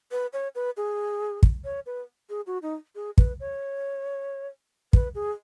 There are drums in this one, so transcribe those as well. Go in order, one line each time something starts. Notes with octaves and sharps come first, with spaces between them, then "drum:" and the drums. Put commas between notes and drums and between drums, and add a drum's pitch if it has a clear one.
B4
C#5
B4
G#4
drum: kick
C#5
B4
G#4
F#4
D#4
G#4
B4, drum: kick
C#5
B4, drum: kick
G#4